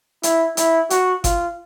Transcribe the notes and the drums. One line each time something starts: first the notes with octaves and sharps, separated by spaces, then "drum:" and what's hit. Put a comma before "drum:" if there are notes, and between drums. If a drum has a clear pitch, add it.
E4, drum: hi-hat
E4, drum: hi-hat
F#4, drum: hi-hat
F4, drum: kick G1, hi-hat